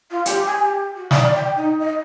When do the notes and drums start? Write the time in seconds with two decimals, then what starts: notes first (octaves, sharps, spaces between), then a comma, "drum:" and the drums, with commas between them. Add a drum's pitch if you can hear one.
0.11 F4
0.26 G4, drum: hi-hat
0.46 G#5
0.59 G4
0.95 F#4
1.11 D5, drum: snare
1.35 G5
1.56 D#4
1.79 D#5